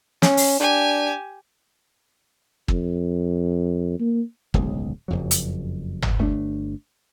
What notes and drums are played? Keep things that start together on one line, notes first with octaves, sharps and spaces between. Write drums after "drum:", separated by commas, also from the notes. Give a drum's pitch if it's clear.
C#4, drum: snare
drum: open hi-hat
D4 G4 G#5
F2, drum: kick
A#3
D1 B1 C#3 G#3, drum: kick
F#1 F2 F#3
drum: hi-hat
drum: tom G1
G1 A3 C#4 D4